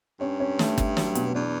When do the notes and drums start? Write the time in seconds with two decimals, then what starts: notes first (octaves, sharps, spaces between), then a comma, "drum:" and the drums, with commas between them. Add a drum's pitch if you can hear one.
0.20 G2 C#4
0.40 C#4
0.59 A3, drum: snare
0.78 A3, drum: kick G1, hi-hat
0.97 F#3, drum: snare
1.15 B2, drum: hi-hat
1.35 E2 D4